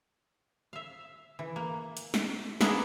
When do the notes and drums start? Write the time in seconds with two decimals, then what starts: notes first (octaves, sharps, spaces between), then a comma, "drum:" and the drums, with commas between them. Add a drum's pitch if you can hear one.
0.73 E5 F5
1.39 E3
1.56 A#3
1.97 drum: hi-hat
2.14 drum: snare
2.61 A#3 B3 D4 E4 G#4 D#5, drum: snare